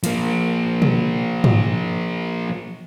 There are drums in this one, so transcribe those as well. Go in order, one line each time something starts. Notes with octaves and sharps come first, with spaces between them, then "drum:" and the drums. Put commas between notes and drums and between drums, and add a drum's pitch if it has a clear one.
F3 A#3, drum: hi-hat
drum: tom
drum: tom